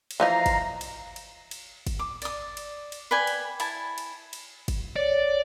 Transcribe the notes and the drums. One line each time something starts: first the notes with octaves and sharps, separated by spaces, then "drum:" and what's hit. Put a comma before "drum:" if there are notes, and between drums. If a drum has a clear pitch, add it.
drum: cymbal
E3 F3 D#4 F5 A#5
drum: kick, cymbal
drum: cymbal
drum: cymbal
drum: cymbal
drum: kick, cymbal
D6
D5 D#6, drum: cymbal
drum: cymbal
drum: cymbal
B4 D5 G5 G#5
drum: cymbal
E4 G#5 A5, drum: cymbal
drum: cymbal
drum: cymbal
drum: kick, cymbal
C#5 D5